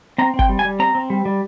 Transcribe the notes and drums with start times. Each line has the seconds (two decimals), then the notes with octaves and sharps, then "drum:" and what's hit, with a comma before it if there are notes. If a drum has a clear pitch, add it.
0.18 C4 A#5
0.34 C4
0.39 G5, drum: kick
0.49 G3
0.59 G#5
0.65 G3
0.79 C4 A#5
0.95 C4
1.10 G3
1.25 G3